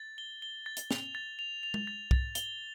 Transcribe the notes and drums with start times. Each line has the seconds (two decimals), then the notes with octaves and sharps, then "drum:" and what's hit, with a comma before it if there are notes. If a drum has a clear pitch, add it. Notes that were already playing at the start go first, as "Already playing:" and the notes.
Already playing: A6
0.18 G7
0.42 G7
0.66 A6
0.77 drum: hi-hat
0.91 F7, drum: snare
1.15 A6
1.39 F7
1.63 F7
1.74 drum: tom G#3
1.87 A6
2.11 A6, drum: kick
2.35 G7, drum: hi-hat